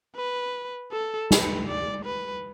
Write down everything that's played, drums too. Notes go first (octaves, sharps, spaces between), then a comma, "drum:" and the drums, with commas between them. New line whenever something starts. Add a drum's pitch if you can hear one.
B4
A4
B4, drum: snare
D5
B4